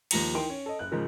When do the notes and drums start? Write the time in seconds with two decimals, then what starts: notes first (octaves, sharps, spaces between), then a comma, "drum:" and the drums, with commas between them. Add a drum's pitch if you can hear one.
0.11 D#2 F3 G3 A#5 A#6 C#7, drum: cymbal
0.34 E3 D#4 A#4 G5 C6 D7
0.50 C#4
0.66 A4 D#5
0.79 F#1 F#6
0.91 G#2 C#3 F3 A#4